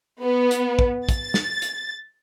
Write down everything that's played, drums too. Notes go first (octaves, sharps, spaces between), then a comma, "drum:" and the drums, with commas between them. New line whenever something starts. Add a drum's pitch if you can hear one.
B3
drum: hi-hat
drum: kick
A6, drum: kick, hi-hat
drum: snare
drum: hi-hat